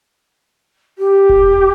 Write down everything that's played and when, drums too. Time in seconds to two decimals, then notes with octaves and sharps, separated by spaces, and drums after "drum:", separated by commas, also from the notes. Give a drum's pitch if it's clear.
0.98 G4
1.29 drum: kick E1